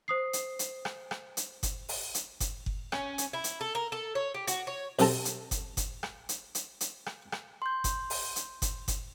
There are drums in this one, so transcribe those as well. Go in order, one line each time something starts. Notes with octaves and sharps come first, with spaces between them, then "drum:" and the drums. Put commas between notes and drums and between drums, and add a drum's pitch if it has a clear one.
C5 D#6 C7
drum: hi-hat
drum: hi-hat
drum: rim click
drum: rim click
drum: hi-hat
drum: kick F#1, hi-hat
drum: open hi-hat
drum: hi-hat
drum: kick F#1, hi-hat
drum: kick F#1
C#4, drum: rim click
drum: hi-hat
E4
drum: hi-hat
A4
A#4
A4
C#5
G4
F#4, drum: hi-hat
C#5
B1 C3 C4 A4 A5 A#5, drum: open hi-hat
drum: hi-hat
drum: kick F#1, hi-hat
drum: kick F#1, hi-hat
drum: rim click
drum: hi-hat
drum: hi-hat
drum: hi-hat
drum: rim click
drum: rim click
C6 G6
drum: kick F#1, hi-hat
drum: open hi-hat
drum: hi-hat
drum: kick F#1, hi-hat
drum: kick F#1, hi-hat